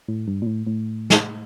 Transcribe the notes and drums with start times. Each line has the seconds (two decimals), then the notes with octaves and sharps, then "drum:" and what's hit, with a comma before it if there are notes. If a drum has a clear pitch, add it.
0.08 A2
0.28 G2
0.42 A#2
0.47 A2
0.66 A2
1.10 drum: snare